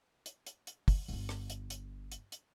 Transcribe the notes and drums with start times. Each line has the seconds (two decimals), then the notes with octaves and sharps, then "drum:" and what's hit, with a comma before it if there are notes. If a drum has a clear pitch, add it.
0.26 drum: hi-hat
0.47 drum: hi-hat
0.67 drum: hi-hat
0.88 drum: kick, open hi-hat
1.08 G1 F4, drum: open hi-hat
1.29 drum: rim click
1.50 drum: hi-hat
1.70 drum: hi-hat
2.12 drum: hi-hat
2.32 drum: hi-hat